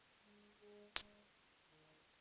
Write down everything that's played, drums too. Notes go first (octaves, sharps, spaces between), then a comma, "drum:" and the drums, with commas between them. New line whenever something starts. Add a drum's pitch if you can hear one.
G#3
G#3
G#3, drum: hi-hat
D#3